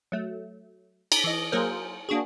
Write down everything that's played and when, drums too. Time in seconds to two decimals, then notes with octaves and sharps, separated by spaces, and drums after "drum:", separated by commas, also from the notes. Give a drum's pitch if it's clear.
0.12 F#3 A3
1.12 A#5 B6, drum: cymbal
1.24 E3 D#5
1.52 F#3 A#3 G#4 A#4 C5
2.09 A#3 D4 F#4 G#4